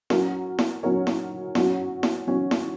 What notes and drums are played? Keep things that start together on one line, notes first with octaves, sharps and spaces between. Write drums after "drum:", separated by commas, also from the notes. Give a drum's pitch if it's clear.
F#3 C#4 F#4 A#4 C#5, drum: snare E4
drum: snare E4
F#3 C#4 F#4 A#4 C#5
drum: snare E4
F#3 C#4 F#4 C#5, drum: snare E4
drum: snare E4
F#3 C#4 F#4 C#5
drum: snare E4